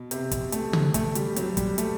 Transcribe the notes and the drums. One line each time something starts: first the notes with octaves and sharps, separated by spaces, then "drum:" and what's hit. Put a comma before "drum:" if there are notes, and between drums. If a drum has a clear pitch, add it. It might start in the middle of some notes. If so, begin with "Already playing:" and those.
Already playing: B2
C3, drum: hi-hat
drum: kick, hi-hat
A3, drum: hi-hat
drum: tom C#3
A3, drum: kick, hi-hat
G3, drum: hi-hat
F#3, drum: hi-hat
G3, drum: kick, hi-hat
A3, drum: hi-hat